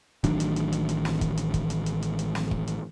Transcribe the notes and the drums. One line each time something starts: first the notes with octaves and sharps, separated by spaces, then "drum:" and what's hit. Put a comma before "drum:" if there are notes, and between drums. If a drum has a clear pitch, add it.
A1 D#3 F#3 D4, drum: kick, hi-hat
drum: hi-hat
drum: hi-hat
drum: hi-hat
drum: hi-hat
drum: snare
drum: kick, hi-hat
drum: hi-hat
drum: kick, hi-hat
drum: hi-hat
drum: hi-hat
drum: hi-hat
drum: hi-hat
drum: snare
drum: kick
drum: hi-hat